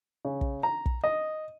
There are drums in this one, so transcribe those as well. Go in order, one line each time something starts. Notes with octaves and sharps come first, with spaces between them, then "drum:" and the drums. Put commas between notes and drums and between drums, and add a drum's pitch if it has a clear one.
C#3
drum: kick
A#5
drum: kick
D#5